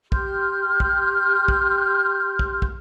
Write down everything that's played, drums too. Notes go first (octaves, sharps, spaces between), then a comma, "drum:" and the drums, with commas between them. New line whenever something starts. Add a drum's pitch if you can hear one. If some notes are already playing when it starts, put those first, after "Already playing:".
G4 C6 F6 G6, drum: kick
drum: kick
drum: kick
drum: kick
drum: kick